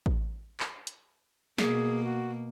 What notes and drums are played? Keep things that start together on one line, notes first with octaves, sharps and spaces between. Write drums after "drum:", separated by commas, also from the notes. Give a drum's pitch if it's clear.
drum: kick A1
drum: clap
drum: hi-hat
B2 A#3 G#4, drum: snare
F#4